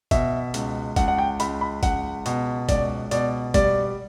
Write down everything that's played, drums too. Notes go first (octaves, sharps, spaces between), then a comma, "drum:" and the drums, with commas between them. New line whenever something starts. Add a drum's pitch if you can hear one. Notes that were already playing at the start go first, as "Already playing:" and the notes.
B2 E5, drum: kick G1, hi-hat
C#2, drum: hi-hat
C#2 F#5, drum: kick G1, hi-hat
F#5
G5
C#2 B5, drum: hi-hat
B5
C#2 F#5, drum: kick G1, hi-hat
B2, drum: hi-hat
C#2 D5, drum: kick G1, hi-hat
B2 D5, drum: hi-hat
G3 D5, drum: kick G1, hi-hat